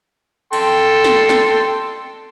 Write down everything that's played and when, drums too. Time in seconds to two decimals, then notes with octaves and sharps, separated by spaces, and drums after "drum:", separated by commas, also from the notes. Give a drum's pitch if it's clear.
0.53 A4 G5 C6, drum: cymbal
1.04 drum: snare
1.29 drum: snare